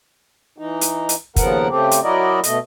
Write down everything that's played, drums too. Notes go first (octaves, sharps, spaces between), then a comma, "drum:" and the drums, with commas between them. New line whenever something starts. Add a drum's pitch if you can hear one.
E3 D#4
drum: hi-hat
drum: hi-hat
D#2 C#3 F3 B3 A#4 F#5, drum: kick, hi-hat
C#3 A3 C4 G4
drum: hi-hat
F#3 E4 F#4 A#4 D5 D#5
B2 A3 D#5, drum: hi-hat